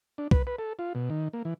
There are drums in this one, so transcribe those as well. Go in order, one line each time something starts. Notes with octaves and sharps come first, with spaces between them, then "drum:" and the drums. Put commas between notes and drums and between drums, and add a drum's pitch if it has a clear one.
D4
B4, drum: kick C2
B4
A4
F4
B2
D#3
A#3
E3